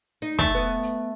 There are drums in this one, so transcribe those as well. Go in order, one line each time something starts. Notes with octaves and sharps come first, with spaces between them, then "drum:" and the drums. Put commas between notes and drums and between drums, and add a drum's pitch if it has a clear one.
D#4
A3, drum: kick, hi-hat
B3
drum: hi-hat